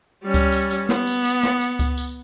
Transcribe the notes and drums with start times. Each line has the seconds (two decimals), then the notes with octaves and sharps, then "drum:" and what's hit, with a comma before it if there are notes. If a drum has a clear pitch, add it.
0.25 G3 C#4
0.34 drum: kick C#2, tambourine
0.52 drum: tambourine
0.71 drum: tambourine
0.89 B3, drum: snare
1.07 drum: tambourine
1.25 drum: tambourine
1.43 drum: snare
1.61 drum: tambourine
1.79 drum: kick C#2, tambourine
1.98 drum: tambourine